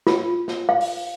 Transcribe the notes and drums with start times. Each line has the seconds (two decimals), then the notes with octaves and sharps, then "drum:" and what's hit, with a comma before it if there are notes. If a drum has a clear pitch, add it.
0.07 F4, drum: snare
0.48 drum: snare
0.69 F5
0.81 drum: open hi-hat